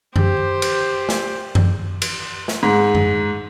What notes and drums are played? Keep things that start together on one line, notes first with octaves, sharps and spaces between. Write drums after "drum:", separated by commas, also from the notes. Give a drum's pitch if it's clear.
G4 C5, drum: tom F#2
drum: cymbal
drum: snare
drum: tom F#2
drum: cymbal
drum: snare
G#2
drum: tom F#2